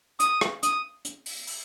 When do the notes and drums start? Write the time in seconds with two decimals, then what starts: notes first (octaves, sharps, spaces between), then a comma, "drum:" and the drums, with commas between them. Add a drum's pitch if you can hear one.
0.20 D#6, drum: hi-hat
0.41 drum: rim click
0.63 D#6, drum: hi-hat
1.05 drum: hi-hat
1.26 drum: open hi-hat
1.47 drum: open hi-hat